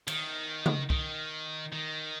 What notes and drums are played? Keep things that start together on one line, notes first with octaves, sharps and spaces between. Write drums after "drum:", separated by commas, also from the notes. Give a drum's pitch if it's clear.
D#3, drum: cymbal
drum: tom C#3
D#3, drum: kick
D#3